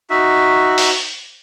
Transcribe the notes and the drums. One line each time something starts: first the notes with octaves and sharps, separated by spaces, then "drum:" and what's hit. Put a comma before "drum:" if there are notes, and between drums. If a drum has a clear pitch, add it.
D#4 F#4 E5
drum: open hi-hat